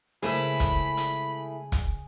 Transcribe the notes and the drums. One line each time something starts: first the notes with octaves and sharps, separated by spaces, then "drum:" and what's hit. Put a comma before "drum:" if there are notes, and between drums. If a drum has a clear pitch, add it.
C#3 G#3 A3 E4 G#4 A#4 C5 B5, drum: hi-hat
drum: kick, hi-hat
drum: hi-hat
drum: kick, hi-hat